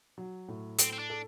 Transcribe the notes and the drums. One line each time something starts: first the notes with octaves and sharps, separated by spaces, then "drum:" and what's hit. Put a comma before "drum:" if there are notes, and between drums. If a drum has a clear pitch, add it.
F#3
A2
C4 A4, drum: hi-hat
C4
D4
A4